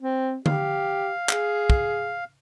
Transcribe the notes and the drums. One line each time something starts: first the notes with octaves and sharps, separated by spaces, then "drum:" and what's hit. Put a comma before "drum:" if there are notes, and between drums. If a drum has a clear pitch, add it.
C4
G4 F5, drum: tom D3
G#4, drum: clap
drum: kick